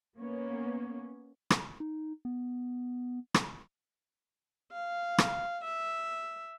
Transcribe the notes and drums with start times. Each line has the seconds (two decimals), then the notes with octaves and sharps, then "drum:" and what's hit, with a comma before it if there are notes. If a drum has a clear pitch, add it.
0.16 A#3 B3 C#4 C#5
1.50 drum: rim click
1.80 D#4
2.25 B3
3.34 drum: rim click
4.72 F5
5.18 drum: rim click
5.64 E5